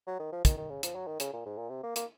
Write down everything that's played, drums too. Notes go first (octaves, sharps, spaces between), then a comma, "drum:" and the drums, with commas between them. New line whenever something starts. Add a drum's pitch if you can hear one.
F#3
D#3
F3
D#3, drum: kick, hi-hat
D#3
C#3
F3, drum: hi-hat
F#3
D#3
C#3, drum: hi-hat
A#2
G#2
A#2
C3
A#3
A#3, drum: hi-hat